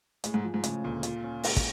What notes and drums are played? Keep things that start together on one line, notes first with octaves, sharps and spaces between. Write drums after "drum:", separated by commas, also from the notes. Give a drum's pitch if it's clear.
A2 G#3, drum: hi-hat
G#2
F3
G#2
A2 C#3, drum: hi-hat
D2 A#2
F4, drum: hi-hat
C#4
G#3, drum: open hi-hat
drum: kick, hi-hat